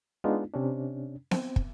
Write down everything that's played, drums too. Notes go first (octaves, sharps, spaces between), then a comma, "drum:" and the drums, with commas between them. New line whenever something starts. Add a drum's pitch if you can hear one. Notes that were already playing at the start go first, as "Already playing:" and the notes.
G#3 B3 D4 D#4 F4
C3 C#4 D4
C4, drum: snare B3
drum: kick